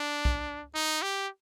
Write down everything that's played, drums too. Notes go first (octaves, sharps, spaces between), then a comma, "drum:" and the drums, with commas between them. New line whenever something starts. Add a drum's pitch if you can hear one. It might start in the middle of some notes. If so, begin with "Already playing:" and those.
Already playing: D4
drum: kick B1
D#4
G4